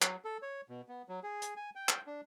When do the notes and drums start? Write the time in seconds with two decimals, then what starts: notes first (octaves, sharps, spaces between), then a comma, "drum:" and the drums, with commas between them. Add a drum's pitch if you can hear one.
0.02 F#3, drum: clap
0.25 A4
0.42 C#5
0.69 B2
0.89 B3
1.09 F#3
1.23 G#4
1.42 drum: hi-hat
1.57 G#5
1.75 G5
1.89 drum: clap
2.07 D4